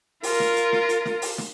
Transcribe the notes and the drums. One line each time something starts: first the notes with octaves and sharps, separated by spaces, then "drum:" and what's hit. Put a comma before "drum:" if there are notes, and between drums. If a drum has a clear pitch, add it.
F4 A#4, drum: open hi-hat
drum: snare
drum: hi-hat
drum: snare
drum: hi-hat
drum: snare
drum: open hi-hat
drum: snare